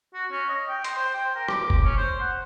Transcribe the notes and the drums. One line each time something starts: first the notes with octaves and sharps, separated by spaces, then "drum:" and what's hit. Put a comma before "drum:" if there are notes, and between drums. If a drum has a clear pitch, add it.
F#4
C#4
D#5
G5
C6, drum: hi-hat
C5
G5
A#4
D6, drum: rim click
drum: kick F#1
C#4
C5
F#5